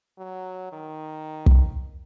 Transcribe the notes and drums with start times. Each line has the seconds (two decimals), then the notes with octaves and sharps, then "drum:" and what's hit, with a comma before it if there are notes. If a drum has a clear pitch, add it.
0.19 F#3
0.72 D#3
1.46 drum: kick